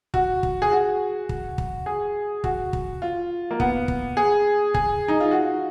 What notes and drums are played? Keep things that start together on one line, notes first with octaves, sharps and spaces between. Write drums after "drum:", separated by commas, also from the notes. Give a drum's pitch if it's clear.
F#4, drum: kick
drum: kick
G#4
F#4
drum: kick
drum: kick
G#4
F#4, drum: kick
drum: kick
F4
A#3
B3, drum: kick
drum: kick
G#4
G#4, drum: kick
D#4
F4
F#4